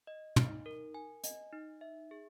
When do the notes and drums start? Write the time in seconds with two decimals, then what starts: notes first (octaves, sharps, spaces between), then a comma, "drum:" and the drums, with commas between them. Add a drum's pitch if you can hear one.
0.07 D#5
0.36 D#4, drum: tom
0.66 A#4
0.94 G#5
1.24 D#5, drum: hi-hat
1.52 D#4
1.81 E5
2.11 G#4